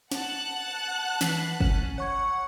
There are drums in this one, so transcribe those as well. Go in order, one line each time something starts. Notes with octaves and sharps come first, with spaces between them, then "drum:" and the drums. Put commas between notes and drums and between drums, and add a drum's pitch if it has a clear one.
F#5 A5 F#6, drum: snare
E3 B6 C7, drum: snare
C#4, drum: kick
C#5 F#5 C#6 G#6